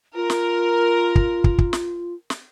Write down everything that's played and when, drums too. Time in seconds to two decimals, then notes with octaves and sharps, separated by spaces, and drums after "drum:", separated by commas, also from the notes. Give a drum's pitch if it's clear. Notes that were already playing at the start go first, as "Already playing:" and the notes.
0.15 F4 A#4
0.30 drum: snare
1.15 drum: kick
1.44 drum: kick
1.58 drum: kick
1.73 drum: snare
2.30 drum: snare